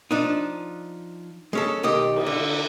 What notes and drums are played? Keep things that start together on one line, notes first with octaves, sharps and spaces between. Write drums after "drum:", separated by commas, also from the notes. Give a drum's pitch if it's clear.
F3 D4 D#4
G#3 C#4 A4
B1 D#3 G4 D#5
drum: cymbal
D3